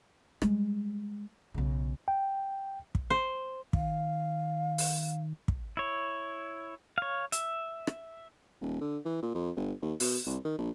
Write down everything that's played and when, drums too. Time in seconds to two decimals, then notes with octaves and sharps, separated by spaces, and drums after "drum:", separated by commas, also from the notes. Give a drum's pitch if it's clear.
0.42 G3 G#3, drum: rim click
1.54 B1 C#3
2.08 G5
2.95 drum: kick
3.10 C5
3.73 D#3 F5, drum: kick
4.78 drum: open hi-hat
5.48 drum: kick
5.77 E4 C#5
6.98 C#5 F5
7.32 E5, drum: hi-hat
7.87 drum: rim click
8.61 D#1
8.81 D3
9.05 E3
9.22 A#2
9.34 F2
9.56 G1
9.82 D#2
10.00 B2, drum: open hi-hat
10.26 C2
10.45 D#3
10.58 A#1